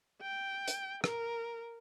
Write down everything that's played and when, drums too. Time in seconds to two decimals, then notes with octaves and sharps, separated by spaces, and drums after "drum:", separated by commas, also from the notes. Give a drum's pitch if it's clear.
0.22 G5
0.68 drum: hi-hat
1.04 A#4, drum: rim click